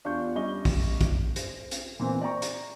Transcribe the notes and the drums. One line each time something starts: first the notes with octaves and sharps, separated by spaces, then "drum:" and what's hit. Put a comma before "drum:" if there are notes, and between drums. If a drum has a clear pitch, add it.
E2 D4 F4 G4 C#6 G6
G3 C#4 D#5 C#6 G7
drum: kick, open hi-hat
drum: kick, hi-hat
C5, drum: hi-hat
drum: hi-hat
A#2 E3 C4
D5 G5 A#5 C#6
drum: hi-hat